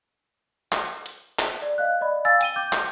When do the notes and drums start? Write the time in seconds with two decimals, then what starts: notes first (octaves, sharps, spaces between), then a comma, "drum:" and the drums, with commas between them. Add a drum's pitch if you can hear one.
0.72 drum: clap
1.06 drum: hi-hat
1.39 drum: clap
1.62 D5
1.78 D#5 F5 F#6
2.01 D5 D#5 B5
2.25 F5 G#5 E6 A6
2.41 G5 D#7 G7, drum: hi-hat
2.56 G5 D6 G6
2.73 drum: clap